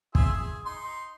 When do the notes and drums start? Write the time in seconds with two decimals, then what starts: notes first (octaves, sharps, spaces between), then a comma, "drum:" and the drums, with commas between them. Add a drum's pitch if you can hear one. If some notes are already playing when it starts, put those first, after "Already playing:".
0.15 F4 G#4 E5, drum: kick
0.34 G#4
0.66 D#4 C6